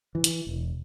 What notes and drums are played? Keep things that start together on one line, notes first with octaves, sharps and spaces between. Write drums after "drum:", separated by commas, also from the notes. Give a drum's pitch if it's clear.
E3
drum: hi-hat
E1